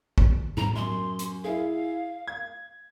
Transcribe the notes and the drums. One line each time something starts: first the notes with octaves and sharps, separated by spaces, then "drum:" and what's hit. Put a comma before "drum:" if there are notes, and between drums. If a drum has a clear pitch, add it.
drum: kick
A#5, drum: tom A2
F#2 C6
drum: hi-hat
E4 G#4 F5
G#6